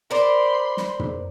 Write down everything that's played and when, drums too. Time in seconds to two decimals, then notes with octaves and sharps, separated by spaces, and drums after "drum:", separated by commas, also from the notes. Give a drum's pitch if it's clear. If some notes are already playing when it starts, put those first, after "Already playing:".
0.11 A#4 C5 D5 B5 C6
0.77 drum: snare
0.99 drum: tom